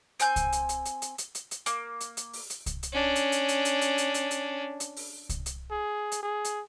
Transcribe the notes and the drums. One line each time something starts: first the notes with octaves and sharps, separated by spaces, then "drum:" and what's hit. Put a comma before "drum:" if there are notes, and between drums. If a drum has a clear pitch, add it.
C4 G#5 G6, drum: hi-hat
drum: kick C2, hi-hat
drum: hi-hat
drum: hi-hat
drum: hi-hat
drum: hi-hat
drum: hi-hat
drum: hi-hat
drum: hi-hat
A#3, drum: hi-hat
drum: hi-hat
drum: hi-hat
drum: open hi-hat
drum: hi-hat
drum: kick C2, hi-hat
drum: hi-hat
C#4 D4
drum: hi-hat
drum: hi-hat
drum: hi-hat
drum: hi-hat
drum: hi-hat
drum: hi-hat
drum: hi-hat
drum: hi-hat
drum: hi-hat
drum: open hi-hat
drum: kick C2, hi-hat
drum: hi-hat
G#4
drum: hi-hat
G#4
drum: hi-hat